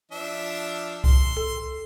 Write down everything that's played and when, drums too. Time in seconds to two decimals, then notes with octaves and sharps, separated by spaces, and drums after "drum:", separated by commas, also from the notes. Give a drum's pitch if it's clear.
0.11 F3 D4 E5
1.04 C6, drum: kick C2
1.37 A4